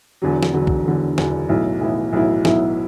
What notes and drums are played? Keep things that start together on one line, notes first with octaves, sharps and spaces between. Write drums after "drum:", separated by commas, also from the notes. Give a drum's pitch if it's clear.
E1 E2 D3 F#3
drum: snare
E1 E2 D3 F#3
drum: kick B1
E1 E2 D3 F#3
E1 E2 D3 F#3, drum: snare
B1 A2 F#3 B3 E4
B1 A2 F#3 B3 E4
B1 A2 F#3 B3 E4
B1 A2 F#3 B3 E4, drum: snare